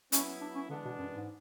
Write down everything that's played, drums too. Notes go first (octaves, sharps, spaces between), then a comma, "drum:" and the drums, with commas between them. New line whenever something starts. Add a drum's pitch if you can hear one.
F#3 B3 C#4 E4, drum: hi-hat
D4
C#4
D3 E3 G#3 B3 D4
B2
F#2
G#2